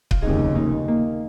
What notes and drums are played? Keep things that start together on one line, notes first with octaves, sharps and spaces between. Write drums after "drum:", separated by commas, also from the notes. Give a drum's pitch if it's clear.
F4, drum: kick C#1
F1 D#2 C#3 D#4 G#4
A#3 D#4
A#3